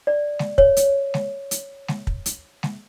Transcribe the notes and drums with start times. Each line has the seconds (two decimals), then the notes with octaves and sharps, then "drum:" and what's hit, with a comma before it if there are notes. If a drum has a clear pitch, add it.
0.07 D5
0.39 drum: snare
0.58 C#5, drum: kick
0.77 drum: hi-hat
1.14 drum: snare
1.51 drum: hi-hat
1.88 drum: snare
2.07 drum: kick
2.26 drum: hi-hat
2.63 drum: snare